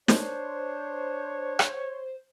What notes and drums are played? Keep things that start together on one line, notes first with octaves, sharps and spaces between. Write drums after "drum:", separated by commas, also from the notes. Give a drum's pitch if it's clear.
D4 C5 C#5, drum: snare
drum: rim click